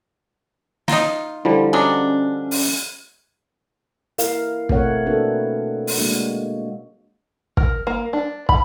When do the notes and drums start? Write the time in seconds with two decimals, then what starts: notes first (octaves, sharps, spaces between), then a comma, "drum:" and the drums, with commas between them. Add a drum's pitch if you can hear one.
0.88 D#4 F4 A#5, drum: snare
1.45 D3 F3 G3 E4
1.73 F#3 G#3 C#4 D4
2.51 drum: open hi-hat
4.18 E4 A#4 F5, drum: hi-hat
4.69 B2 A3 C4 A#4 C#5 F#5, drum: kick
5.06 A#3 C4 D4 F#4 A4 B4
5.87 drum: open hi-hat
5.97 G#3 A#3 D4 F#4
7.57 A#4, drum: kick
7.87 A#3
8.13 D4
8.49 B5, drum: kick